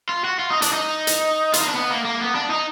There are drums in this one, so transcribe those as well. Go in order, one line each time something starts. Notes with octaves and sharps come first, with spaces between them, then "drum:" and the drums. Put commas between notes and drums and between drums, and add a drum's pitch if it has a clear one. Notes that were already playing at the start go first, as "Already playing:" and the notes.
F4
F#4
F4
D#4
D4, drum: hi-hat
D#4
drum: hi-hat
F4, drum: hi-hat
D#4
D4
B3
A#3
A#3
B3
D4
D#4